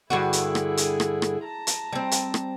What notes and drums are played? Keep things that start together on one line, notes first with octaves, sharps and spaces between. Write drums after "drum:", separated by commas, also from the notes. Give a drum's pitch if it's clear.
G2 D3 E4 F#4 G#4
drum: hi-hat
drum: rim click
drum: hi-hat
drum: rim click
drum: rim click
A5 A#5
drum: hi-hat
G3 C4
drum: hi-hat
drum: rim click